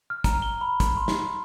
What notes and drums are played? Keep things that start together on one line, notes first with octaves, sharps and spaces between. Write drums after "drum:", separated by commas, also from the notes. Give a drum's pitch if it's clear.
F6
A#5, drum: kick, hi-hat
G7
B5
drum: kick, hi-hat
C6
drum: snare